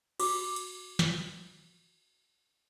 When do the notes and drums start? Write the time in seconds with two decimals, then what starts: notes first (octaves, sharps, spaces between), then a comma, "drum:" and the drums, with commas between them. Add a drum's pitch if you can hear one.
0.20 F#4 D6, drum: cymbal
0.56 drum: hi-hat
0.99 drum: snare